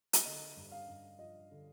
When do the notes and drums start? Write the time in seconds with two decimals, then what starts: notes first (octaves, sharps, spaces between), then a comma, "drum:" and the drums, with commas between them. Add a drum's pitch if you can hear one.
0.13 drum: hi-hat
0.24 D3 D#5
0.56 G2
0.71 F5
0.88 G2
1.19 F3 D#5
1.50 D3